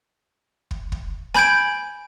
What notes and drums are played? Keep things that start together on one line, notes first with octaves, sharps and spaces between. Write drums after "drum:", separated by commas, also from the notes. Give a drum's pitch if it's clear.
drum: kick
drum: kick
G#5 B5 G6 G#6 D7, drum: rim click